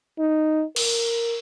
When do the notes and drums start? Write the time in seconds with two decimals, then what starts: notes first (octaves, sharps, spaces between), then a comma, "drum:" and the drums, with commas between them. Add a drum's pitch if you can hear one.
0.19 D#4
0.76 A#4, drum: cymbal